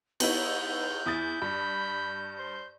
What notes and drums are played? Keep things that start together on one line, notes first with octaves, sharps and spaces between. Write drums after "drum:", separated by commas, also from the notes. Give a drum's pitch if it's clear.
B3 D#4 E4 G6, drum: cymbal
E2 E4 D#6 A6
G2 B5
C5